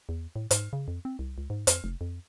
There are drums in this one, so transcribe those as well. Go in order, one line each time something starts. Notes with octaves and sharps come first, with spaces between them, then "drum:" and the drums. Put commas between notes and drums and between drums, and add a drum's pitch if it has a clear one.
E2
A2
G#2, drum: hi-hat
C#3
F2
C4
C2
C#2
G#2
F2, drum: hi-hat
F1
F2